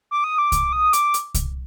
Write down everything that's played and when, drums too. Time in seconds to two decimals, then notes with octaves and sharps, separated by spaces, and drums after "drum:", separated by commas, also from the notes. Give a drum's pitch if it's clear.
0.11 D6
0.24 D#6
0.38 D6
0.52 drum: kick C2, hi-hat
0.73 D#6
0.93 D6, drum: hi-hat
1.14 drum: hi-hat
1.34 drum: kick C2, hi-hat